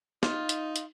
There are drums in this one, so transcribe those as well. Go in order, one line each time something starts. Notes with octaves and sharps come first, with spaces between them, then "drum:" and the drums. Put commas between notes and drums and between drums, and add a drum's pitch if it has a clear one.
D#4 F4, drum: snare
drum: hi-hat
drum: hi-hat